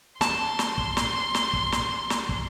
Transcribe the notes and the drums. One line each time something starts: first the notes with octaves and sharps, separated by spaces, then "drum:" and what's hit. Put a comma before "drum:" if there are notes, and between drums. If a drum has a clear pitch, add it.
A5 C6, drum: snare
drum: snare
drum: kick
drum: snare
drum: snare
drum: kick
drum: snare
drum: snare
drum: kick